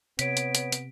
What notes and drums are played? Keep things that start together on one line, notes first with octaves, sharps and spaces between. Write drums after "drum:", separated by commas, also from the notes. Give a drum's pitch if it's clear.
C3 B3 C#5 B6 D7, drum: hi-hat
drum: hi-hat
drum: hi-hat
drum: hi-hat